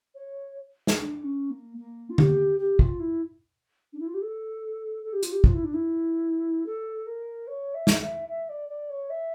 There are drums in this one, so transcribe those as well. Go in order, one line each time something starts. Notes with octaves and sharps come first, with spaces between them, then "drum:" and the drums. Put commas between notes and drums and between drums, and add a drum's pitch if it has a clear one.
C#5
drum: snare
D4
C#4
A#3
A#3
F4
G4, drum: tom D3
G4
F4, drum: kick
E4
D4
E4
F4
G4
A4
A4
G4
F4, drum: hi-hat
G4
F4, drum: kick
E4
D4
E4
A4
A#4
C#5
E5
drum: snare
E5
E5
D5
D5
C#5
E5